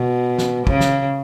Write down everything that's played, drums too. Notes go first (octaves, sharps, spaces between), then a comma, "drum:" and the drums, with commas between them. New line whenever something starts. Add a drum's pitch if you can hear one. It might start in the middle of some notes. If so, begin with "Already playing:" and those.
Already playing: B2
drum: snare
C#3, drum: kick
drum: snare